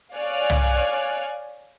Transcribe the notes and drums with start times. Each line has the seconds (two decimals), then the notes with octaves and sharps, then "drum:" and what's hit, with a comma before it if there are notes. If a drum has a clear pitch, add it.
0.15 C#5 D5 F5 G#5 F6 F#6
0.50 drum: tom